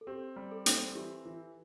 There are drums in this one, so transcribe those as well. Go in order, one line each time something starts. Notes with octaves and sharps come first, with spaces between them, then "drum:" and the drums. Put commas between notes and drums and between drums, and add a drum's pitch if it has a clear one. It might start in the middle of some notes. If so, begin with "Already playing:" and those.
A4
C4 G4
G3
A4
C4, drum: hi-hat
E3 G4
E3